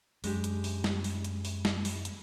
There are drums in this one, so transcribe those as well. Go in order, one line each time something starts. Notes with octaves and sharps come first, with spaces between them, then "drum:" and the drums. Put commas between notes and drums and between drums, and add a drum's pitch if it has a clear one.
F#2 G#3 D4 G4, drum: open hi-hat
drum: hi-hat
drum: open hi-hat
drum: snare
drum: open hi-hat
drum: hi-hat
drum: open hi-hat
drum: snare
drum: open hi-hat
drum: hi-hat